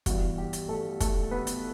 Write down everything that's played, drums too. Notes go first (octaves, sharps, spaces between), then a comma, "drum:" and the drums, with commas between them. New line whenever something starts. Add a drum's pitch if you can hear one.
G2 E3 G3 B3 F#4, drum: kick, hi-hat
G4
drum: hi-hat
A3 A4
A3 A4, drum: kick, hi-hat
B3 B4
drum: hi-hat